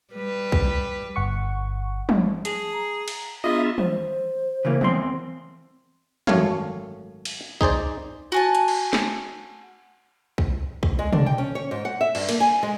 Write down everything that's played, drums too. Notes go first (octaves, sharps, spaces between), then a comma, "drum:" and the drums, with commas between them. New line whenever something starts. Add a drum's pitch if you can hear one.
G3 B4
drum: kick B1
G1 F#5 C#6
drum: tom
G#4 A5, drum: hi-hat
A#5
drum: cymbal
B3 D4 F4 G#4 D#5 E5
C5, drum: tom
C#3 E3 A#3
E2 C4 C6, drum: tom
G#1 F#2 A3 C#5 F5, drum: tom
drum: cymbal
D#4 G#4 C5 D5, drum: kick B1
F#4 G#5 A5
drum: hi-hat
drum: cymbal
drum: snare
drum: kick B1
drum: kick B1
G#3
D4, drum: tom
G5
C#4
C#5
G#2
F#5
E5
G2, drum: cymbal
A#3, drum: cymbal
G#5
G#3